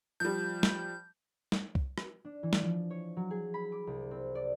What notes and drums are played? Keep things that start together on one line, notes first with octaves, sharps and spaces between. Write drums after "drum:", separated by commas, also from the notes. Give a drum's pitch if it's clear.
F3 G3 G6
drum: snare
drum: snare
drum: kick C2
drum: rim click
D4
E3
drum: snare
F3
C#5
F#3
G#4
B5
D6
C2
C4
D5